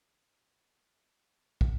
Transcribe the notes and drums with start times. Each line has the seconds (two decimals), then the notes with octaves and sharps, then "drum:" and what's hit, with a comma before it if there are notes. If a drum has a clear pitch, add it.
0.12 F#4
0.46 A3
0.94 A3 A#3
1.61 drum: kick